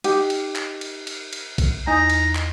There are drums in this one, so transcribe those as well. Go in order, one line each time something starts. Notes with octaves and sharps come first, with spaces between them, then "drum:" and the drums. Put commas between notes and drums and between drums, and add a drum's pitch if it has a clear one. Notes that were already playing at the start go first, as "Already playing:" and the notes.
D#4 G4, drum: cymbal
drum: cymbal
drum: clap
drum: cymbal
drum: cymbal
drum: cymbal
drum: kick B1, cymbal
E2 D#4 G#5 A#5 D#6
drum: cymbal
drum: clap